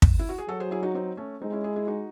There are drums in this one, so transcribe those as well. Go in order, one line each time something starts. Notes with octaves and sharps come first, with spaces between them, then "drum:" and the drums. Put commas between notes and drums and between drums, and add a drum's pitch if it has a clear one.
drum: kick
E4
F#4
G#4
F#3 F#4 A4
G#4 C5
E4 G#4
D#4 F#4
C4 D#4
A3 C#4
G#3 C4 D#4
C#4 E4
E4 G#4
E4 G#4
D#4 F#4